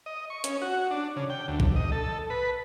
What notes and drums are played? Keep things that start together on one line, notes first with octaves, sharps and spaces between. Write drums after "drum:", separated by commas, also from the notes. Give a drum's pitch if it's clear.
D#5
C#6
C#4, drum: hi-hat
F#4
D4
C#3
G5
D2
drum: kick
D#5
A4
B4